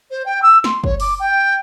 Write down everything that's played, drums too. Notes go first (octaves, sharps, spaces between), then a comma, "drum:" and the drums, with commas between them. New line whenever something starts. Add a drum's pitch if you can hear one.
C5
G5
E6
C6, drum: snare
C#5, drum: kick
D6, drum: open hi-hat
G5